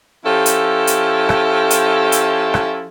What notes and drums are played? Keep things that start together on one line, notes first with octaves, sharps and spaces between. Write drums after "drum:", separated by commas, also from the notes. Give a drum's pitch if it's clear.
F3 C#4 E4 G4 A4
drum: hi-hat
drum: hi-hat
drum: rim click
drum: hi-hat
drum: hi-hat
drum: rim click